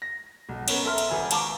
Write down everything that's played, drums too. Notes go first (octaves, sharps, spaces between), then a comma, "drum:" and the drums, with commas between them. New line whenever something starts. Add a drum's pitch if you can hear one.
A#6
B1
B3 C#4 A#4, drum: cymbal
A4 E5 A#5 C6 F6
drum: cymbal
G#1 B4 G#5 E6
F5 A5 A#5 C#6 D6, drum: cymbal